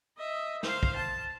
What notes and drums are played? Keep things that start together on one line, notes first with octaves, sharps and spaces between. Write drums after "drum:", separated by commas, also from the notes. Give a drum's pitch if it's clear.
D#5 E5
C5 F5, drum: snare
drum: kick
A5